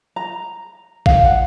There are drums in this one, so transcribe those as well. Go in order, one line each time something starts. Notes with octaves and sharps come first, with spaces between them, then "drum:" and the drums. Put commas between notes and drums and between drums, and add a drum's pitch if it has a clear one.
A#5
F5, drum: kick A1
F#5